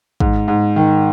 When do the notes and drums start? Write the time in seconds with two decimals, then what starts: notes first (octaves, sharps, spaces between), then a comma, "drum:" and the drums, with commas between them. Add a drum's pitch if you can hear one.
0.20 G#2, drum: kick
0.48 G#2
0.76 D#3